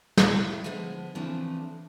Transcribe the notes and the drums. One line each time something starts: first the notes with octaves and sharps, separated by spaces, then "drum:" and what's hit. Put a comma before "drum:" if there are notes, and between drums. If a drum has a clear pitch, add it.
E4 F4 A4 D5 E5 F5, drum: snare
D3 F3 G#3 B3 G#4
C#3 E3 F3 A3 C4 D4